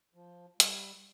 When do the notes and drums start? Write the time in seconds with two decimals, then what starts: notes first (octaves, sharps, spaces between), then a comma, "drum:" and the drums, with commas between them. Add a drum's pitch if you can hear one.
0.15 F3
0.60 G3, drum: hi-hat